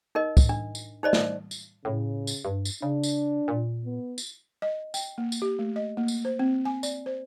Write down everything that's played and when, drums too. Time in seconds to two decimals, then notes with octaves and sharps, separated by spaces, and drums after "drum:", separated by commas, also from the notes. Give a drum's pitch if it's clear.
0.15 D#4 A#4 D#5
0.37 drum: kick, tambourine
0.49 D4
0.75 drum: tambourine
1.03 D#4 C5 D5 D#5
1.13 drum: snare
1.51 drum: tambourine
1.85 A2 C#3
2.27 drum: tambourine
2.45 G2
2.65 drum: tambourine
2.82 C#3 D4
3.03 drum: tambourine
3.48 A#2
3.85 B3
4.18 drum: tambourine
4.62 D#5
4.94 G5, drum: tambourine
5.18 A#3
5.32 drum: tambourine
5.42 G4
5.59 A3
5.76 D#5
5.97 A#3
6.08 drum: tambourine
6.25 C5
6.39 C4
6.65 G#5
6.83 D5, drum: tambourine
7.06 C5